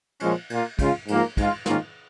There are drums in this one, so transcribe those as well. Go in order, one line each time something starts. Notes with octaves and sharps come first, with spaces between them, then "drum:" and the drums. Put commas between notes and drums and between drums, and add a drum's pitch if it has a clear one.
A#2 F3 G#3 C#4, drum: cymbal
A#2 A#3 F4, drum: cymbal
C#3 G#3 F4, drum: kick, cymbal
G#2 F3 A#3 F4, drum: cymbal
G#2 G#3 F4, drum: kick, cymbal
G#2 D#3 A#3 C#4 F4, drum: snare